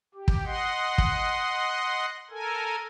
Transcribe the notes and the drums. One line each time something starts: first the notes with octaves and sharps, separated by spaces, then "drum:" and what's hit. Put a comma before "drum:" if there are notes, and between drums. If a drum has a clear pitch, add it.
G4
drum: kick
D#5 F#5 C6
drum: kick
A4 A#4 G#5